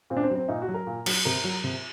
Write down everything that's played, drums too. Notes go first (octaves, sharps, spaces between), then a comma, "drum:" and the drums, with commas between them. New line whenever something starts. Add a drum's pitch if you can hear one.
A#2 C4
D4
C4
F#3
C4
A#2 D#4
F#4
F#3
A#4
A#2
F#3, drum: cymbal
C3 A#4
F#3
C3